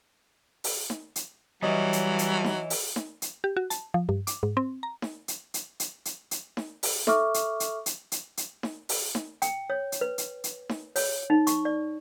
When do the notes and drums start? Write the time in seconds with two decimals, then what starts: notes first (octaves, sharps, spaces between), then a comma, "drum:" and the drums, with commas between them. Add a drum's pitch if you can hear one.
0.64 drum: open hi-hat
0.90 drum: snare D#4
1.16 drum: hi-hat
1.62 E3 F#3 G3 C#5 D#5 C#6
1.93 drum: hi-hat
2.19 drum: hi-hat
2.44 drum: snare D#4
2.70 drum: open hi-hat
2.96 drum: snare D#4
3.22 drum: hi-hat
3.44 G4
3.57 F#4
3.70 A5, drum: hi-hat
3.94 F3
4.09 G2
4.27 D6, drum: hi-hat
4.43 G#2
4.57 C4
4.83 A#5
5.02 drum: snare D#4
5.28 drum: hi-hat
5.54 drum: hi-hat
5.80 drum: hi-hat
6.05 drum: hi-hat
6.31 drum: hi-hat
6.57 drum: snare D#4
6.83 drum: open hi-hat
7.07 A4 E5 C#6 D6 F6, drum: snare D#4
7.34 drum: hi-hat
7.60 drum: hi-hat
7.86 drum: hi-hat
8.12 drum: hi-hat
8.37 drum: hi-hat
8.63 drum: snare D#4
8.89 drum: open hi-hat
9.15 drum: snare D#4
9.42 G5, drum: hi-hat
9.70 C#5
9.92 drum: hi-hat
10.01 B4
10.18 drum: hi-hat
10.44 drum: hi-hat
10.69 drum: snare D#4
10.96 C#5, drum: open hi-hat
11.30 D#4
11.47 C#6, drum: hi-hat
11.65 D5